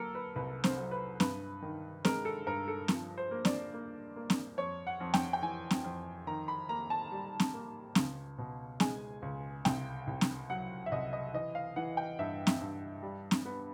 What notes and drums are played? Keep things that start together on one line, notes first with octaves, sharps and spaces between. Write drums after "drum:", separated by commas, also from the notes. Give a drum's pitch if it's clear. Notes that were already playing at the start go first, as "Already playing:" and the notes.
Already playing: F#3 A#3 A4 A#4
B4
C2 B4
C5, drum: snare C4
F#3
B4
G2 B4, drum: snare C4
D#3
G#3 A#4, drum: snare C4
A4
G2 A#4
A4
F3, drum: snare C4
C5
A#3
D5, drum: snare C4
A#3
A#3
drum: snare C4
F2 C#5
F#5
F2
G5, drum: snare C4
G5
E3 G#5
drum: snare C4
F2
D#3 A#5
B5
A#3 A#5
A5
G3
drum: snare C4
A#3
C#2, drum: snare C4
B2
G#3 G#5, drum: snare C4
C#2
C2 G5, drum: snare C4
C2
drum: snare C4
F#3 F#5
E5
C2 D#5
D#5
E3 D#5
F5
E3 F#5
G5
G2 E5
drum: snare C4
G2
G3
drum: snare C4
B3